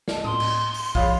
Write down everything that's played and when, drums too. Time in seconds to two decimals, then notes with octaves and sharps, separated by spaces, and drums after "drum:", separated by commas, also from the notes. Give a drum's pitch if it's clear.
0.08 D5 D#5 A5, drum: snare
0.24 C6 D#6, drum: tom A2
0.40 drum: cymbal
0.74 drum: open hi-hat
0.95 F3 F4 G#4 C#5 B5 D#6, drum: kick